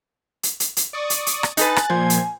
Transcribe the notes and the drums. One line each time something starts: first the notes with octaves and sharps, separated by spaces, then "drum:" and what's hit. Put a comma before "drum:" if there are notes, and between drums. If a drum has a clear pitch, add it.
drum: hi-hat
drum: hi-hat
drum: hi-hat
D5 C#6 D#6
drum: hi-hat
drum: hi-hat
drum: rim click
D#4 A4 B4 G#5 F#6 A6, drum: hi-hat
drum: rim click
A#2 F3 C5 G#6
drum: hi-hat